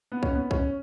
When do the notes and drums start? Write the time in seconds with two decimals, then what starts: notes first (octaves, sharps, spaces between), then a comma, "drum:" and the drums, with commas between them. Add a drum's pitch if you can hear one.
0.12 B3
0.23 C#4, drum: kick
0.35 B3
0.51 C#4, drum: kick